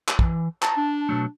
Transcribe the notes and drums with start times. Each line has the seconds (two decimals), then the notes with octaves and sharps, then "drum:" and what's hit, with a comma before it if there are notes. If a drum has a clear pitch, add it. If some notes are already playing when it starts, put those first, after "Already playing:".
0.08 drum: clap
0.19 E3, drum: kick
0.62 A5 A#5, drum: clap
0.77 D4
1.09 B2 F#3 A3